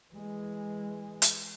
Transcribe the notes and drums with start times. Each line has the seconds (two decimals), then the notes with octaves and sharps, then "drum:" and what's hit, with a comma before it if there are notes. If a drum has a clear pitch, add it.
0.14 E3 G#3
1.22 drum: hi-hat